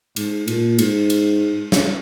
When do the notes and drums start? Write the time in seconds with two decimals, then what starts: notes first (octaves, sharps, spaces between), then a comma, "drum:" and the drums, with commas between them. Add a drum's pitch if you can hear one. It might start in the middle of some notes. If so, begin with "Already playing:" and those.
0.16 G#2, drum: cymbal
0.48 A#2, drum: cymbal
0.79 G#2, drum: cymbal
1.10 drum: cymbal
1.72 drum: snare